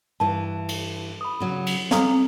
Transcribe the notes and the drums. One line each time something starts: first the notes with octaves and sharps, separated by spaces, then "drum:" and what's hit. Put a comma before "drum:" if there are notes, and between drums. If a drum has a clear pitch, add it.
G2 E3 A5
drum: cymbal
B5 D#6
C#3 F#3
drum: cymbal
G3 C4 A4 F5 A#5 D#6, drum: snare